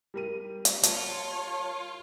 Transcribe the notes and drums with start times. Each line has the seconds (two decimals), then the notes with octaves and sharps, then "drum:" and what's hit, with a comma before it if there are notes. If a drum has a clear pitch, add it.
0.14 G3 A#4 D#7
0.65 drum: hi-hat
0.83 F4 C#5 A5, drum: hi-hat